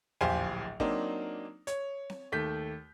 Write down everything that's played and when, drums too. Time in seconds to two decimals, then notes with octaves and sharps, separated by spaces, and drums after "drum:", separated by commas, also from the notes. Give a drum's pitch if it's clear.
0.21 D1 A#1 G4 C5 F5 G#5, drum: tom E2
0.80 F#3 A#3 C4 D4 D#4, drum: kick
1.67 C#5, drum: hi-hat
2.10 drum: snare C4
2.32 D#2 A3 G6 B6